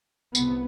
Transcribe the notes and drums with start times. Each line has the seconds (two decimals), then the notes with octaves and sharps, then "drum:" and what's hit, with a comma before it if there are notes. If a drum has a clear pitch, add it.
0.35 C2 C3 B3, drum: tambourine